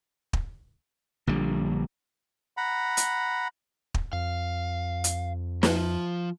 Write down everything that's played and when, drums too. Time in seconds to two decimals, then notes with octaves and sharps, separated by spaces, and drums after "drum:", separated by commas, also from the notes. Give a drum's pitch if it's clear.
0.33 drum: kick
1.27 A#1 D3 G3
2.57 F#5 A#5 B5
2.97 drum: hi-hat
3.94 drum: kick
4.13 F2 F5
5.04 drum: hi-hat
5.63 F3, drum: snare